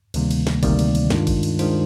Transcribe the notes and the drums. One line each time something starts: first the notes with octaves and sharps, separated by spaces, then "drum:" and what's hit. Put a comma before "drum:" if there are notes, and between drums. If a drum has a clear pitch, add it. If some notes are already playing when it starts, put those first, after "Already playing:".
D2 C3 D#3 G3 A#3, drum: cymbal
drum: cymbal
drum: snare
D2 C3 D#3 G3 A#3 D5, drum: kick G#1, cymbal
drum: cymbal
drum: cymbal
G2 D#3 G#3 D4 F4, drum: snare
drum: kick G#1, cymbal
drum: cymbal
D#3 G#3 D4 F4 C5, drum: cymbal